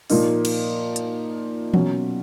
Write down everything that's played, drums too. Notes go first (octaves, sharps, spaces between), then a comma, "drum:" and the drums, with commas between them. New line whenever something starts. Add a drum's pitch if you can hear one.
A#2 F3 A#3 D#4, drum: open hi-hat
drum: cymbal
drum: hi-hat
B2 F#3 C#4, drum: tom E3